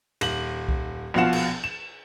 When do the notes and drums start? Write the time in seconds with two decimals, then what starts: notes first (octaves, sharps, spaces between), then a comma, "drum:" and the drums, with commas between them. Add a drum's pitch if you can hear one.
0.21 D#1 F#7, drum: cymbal
0.69 drum: kick C2
1.14 A#1 B2 F3 F4 F#5 E7
1.33 drum: cymbal
1.64 E7